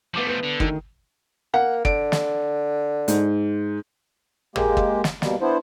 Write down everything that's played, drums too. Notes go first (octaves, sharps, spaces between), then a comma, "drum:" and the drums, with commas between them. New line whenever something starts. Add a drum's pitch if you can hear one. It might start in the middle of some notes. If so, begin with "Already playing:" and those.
F3 A3 B3 D6 D#7
B3
D3
D2 D#3, drum: kick
A#3 F#5
D3 D7, drum: kick
drum: snare
G#2, drum: hi-hat
G#3 A#3 G4, drum: tom G#1
drum: kick
drum: snare
B2 G3 A#3, drum: snare
B3 D4 E4 C5